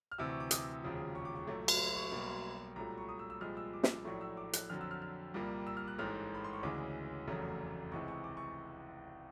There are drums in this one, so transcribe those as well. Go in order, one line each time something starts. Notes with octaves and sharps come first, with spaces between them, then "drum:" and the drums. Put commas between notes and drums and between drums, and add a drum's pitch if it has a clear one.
F6
D2 C3 E3 E6
C#6
D6
D#6, drum: hi-hat
E1 D#2 C#3 F3
C#6
D6
C#6
B1 A#2 F#3 A3
drum: cymbal
C6
C#6
B1 B2 G3 A#3 C#6
C6
C2 A#2 F#3 A3 A#5
B5
C#6
D#6
E6
E6
C2 A#2 F3 G#3 F6
E6
D6
D6, drum: snare
A#1 A2 F#3 A3 C#6
E6
D6
F#6, drum: hi-hat
F2 D3 F#3 F6
E6
F6
F6
C2 A#2 G3 A#3
E6
F6
F#6
A1 G#2 E3 A3 F6
B5
C6
C#6
D2 C#3 E3 G#3 D6
F1 E2 C#3 F#3 A3
C#2 C3 E3 G#3 C#6
C#6
D6
C#6